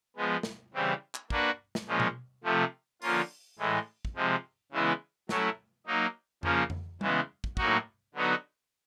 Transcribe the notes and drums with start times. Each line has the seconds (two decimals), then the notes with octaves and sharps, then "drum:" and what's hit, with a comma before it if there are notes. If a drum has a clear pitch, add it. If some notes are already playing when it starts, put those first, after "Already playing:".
0.17 F3 G#3 B3
0.43 drum: snare
0.74 C#3 E3 G3 C4
1.15 drum: clap
1.30 A#3 D4 F#4 B4, drum: kick
1.75 drum: snare
1.87 A#2 F3 G#3 C#4
2.00 drum: tom B2
2.44 C3 F3 A3
3.02 D3 F3 A#3 C#4 F4, drum: open hi-hat
3.59 A2 E3 G#3
4.05 drum: kick
4.16 C3 F3 G#3
4.72 C#3 E3 G#3 B3 E4
5.29 F#3 A3 C#4 E4, drum: snare
5.87 F#3 A#3 D#4
6.43 C#3 F3 A#3 C#4, drum: tom F2
6.70 drum: tom F2
7.01 C#3 E3 G#3 B3, drum: tom G3
7.44 drum: kick
7.57 A2 F#3 A#3 D#4 F#4, drum: kick
8.14 D3 F#3 B3 D#4 F#4